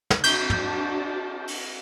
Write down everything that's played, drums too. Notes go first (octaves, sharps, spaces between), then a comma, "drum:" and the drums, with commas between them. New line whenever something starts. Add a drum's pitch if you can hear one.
drum: snare
D4 F#4 A5 G6, drum: cymbal
drum: tom
drum: open hi-hat